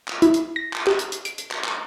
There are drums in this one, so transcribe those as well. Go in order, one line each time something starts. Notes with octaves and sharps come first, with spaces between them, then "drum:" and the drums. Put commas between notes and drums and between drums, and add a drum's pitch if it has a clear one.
drum: clap
E4, drum: hi-hat
drum: hi-hat
A#6
drum: clap
G4, drum: clap
drum: hi-hat
drum: hi-hat
D7, drum: hi-hat
drum: hi-hat
drum: clap
drum: clap